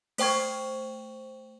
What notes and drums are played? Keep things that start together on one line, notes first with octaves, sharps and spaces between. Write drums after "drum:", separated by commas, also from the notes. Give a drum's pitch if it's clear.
A3 C5 G5 C#6 G#6, drum: cymbal